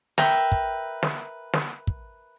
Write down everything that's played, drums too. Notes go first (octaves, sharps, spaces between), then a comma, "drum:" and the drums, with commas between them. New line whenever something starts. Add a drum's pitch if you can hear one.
A#4 B4 E5 G5, drum: snare
drum: kick
drum: snare
drum: snare
drum: kick